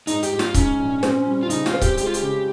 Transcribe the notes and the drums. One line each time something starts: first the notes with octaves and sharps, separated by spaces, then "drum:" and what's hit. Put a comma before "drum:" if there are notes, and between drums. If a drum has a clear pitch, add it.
G#2 D#4, drum: hi-hat
G4, drum: hi-hat
G#2
F4, drum: snare
G#2 C#4, drum: kick C#1, hi-hat
A#1
C4, drum: snare
G3
F4
C#3 D#4, drum: hi-hat
F4, drum: snare
C4
G4, drum: kick C#1, hi-hat
G#3 G4, drum: hi-hat
F4
G4, drum: hi-hat
C#3